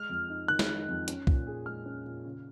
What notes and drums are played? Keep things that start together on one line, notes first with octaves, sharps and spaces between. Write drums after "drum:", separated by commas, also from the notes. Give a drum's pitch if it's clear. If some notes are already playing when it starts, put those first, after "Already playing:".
Already playing: G#3 F6
F2
D#4
D#3 F#6
drum: snare
G#3
F2
C#4, drum: hi-hat
A#2, drum: kick C2
G#4
G#3 F6
C#4
A#2
C#3